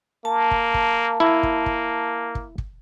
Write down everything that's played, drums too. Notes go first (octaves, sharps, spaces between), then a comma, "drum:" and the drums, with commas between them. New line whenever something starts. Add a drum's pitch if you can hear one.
A#3 A5
drum: kick
drum: kick
A#3 E4
drum: kick
drum: kick
drum: kick
drum: kick